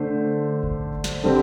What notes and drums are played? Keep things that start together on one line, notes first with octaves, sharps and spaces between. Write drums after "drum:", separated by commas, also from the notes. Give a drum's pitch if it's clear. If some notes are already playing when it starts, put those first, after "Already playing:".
Already playing: D3 A3 D4 C5
drum: kick G1
drum: snare
D3 G3 C4